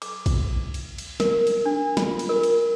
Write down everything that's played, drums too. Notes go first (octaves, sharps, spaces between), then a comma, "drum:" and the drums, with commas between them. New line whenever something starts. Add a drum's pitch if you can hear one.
D6, drum: cymbal
drum: kick, cymbal
drum: cymbal
drum: cymbal
A#4, drum: snare
drum: cymbal
D4
F4, drum: snare
drum: cymbal
A#4
drum: cymbal